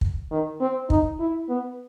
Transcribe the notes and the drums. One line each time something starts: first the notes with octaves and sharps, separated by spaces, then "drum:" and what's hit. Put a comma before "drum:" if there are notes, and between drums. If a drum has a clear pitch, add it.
drum: kick
D#3
C4
D#4, drum: kick
E4
B3